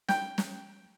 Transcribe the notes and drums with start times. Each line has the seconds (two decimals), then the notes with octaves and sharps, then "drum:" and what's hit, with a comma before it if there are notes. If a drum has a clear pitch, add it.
0.09 G5, drum: snare
0.38 drum: snare